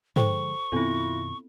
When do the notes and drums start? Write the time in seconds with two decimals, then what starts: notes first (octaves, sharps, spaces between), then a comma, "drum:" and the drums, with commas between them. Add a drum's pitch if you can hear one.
0.16 D3 F3 G#3 A4 C5 G5 C#6, drum: tom
0.72 F#2 B2 D#3 B3 C4 E4 F4 A4